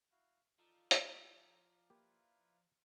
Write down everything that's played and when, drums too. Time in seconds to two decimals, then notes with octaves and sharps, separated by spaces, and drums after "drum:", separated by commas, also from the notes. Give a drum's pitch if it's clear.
0.11 E4 F#4 F5
0.59 F3 D#4 A4 D5 F5 A#5
0.91 drum: hi-hat
1.90 A#3 E4 F4 G4 B4